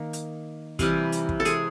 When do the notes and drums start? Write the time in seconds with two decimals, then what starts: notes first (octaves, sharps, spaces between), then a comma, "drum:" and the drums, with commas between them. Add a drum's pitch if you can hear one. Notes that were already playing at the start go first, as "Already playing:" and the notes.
Already playing: D#3 A#3
0.13 drum: hi-hat
0.79 C3 E3 G3, drum: kick, hi-hat
1.12 drum: hi-hat
1.29 drum: kick
1.40 A4
1.45 G#3 G#4, drum: hi-hat